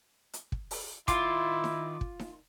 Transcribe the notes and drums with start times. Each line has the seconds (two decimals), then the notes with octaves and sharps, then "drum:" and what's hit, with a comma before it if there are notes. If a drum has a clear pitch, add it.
0.33 drum: hi-hat
0.52 drum: kick
0.71 drum: open hi-hat
1.08 D#3 E4 F4 C6 D6, drum: kick, hi-hat
1.64 drum: snare D#4
2.01 drum: kick
2.19 drum: snare D#4